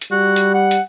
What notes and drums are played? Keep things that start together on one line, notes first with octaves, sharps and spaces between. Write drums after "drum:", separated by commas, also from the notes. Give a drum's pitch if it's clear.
drum: hi-hat
G3 F#4
drum: hi-hat
F#5
drum: hi-hat